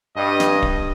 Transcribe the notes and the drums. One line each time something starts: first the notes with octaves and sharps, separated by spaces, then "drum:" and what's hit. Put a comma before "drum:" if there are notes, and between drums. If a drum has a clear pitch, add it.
G2 D#5
drum: snare
drum: kick D1